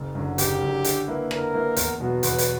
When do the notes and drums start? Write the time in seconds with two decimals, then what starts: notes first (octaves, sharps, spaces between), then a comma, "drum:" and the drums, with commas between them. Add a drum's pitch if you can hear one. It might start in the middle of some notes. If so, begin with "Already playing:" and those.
Already playing: F#1
0.15 F#2 D3
0.38 F#1 G4, drum: hi-hat
0.61 F#2 D3
0.84 D3, drum: hi-hat
1.08 A#3 E4 B4
1.31 D3 A#4, drum: rim click
1.54 A#3 E4 B4
1.76 E2, drum: hi-hat
2.00 B2 F#3 B3 F#4
2.23 E2 B4, drum: hi-hat
2.38 drum: hi-hat